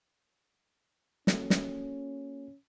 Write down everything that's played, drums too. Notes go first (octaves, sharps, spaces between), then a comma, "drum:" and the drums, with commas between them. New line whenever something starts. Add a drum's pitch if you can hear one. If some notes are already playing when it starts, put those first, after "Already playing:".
A#3 C#4 F#4 A4, drum: snare
drum: snare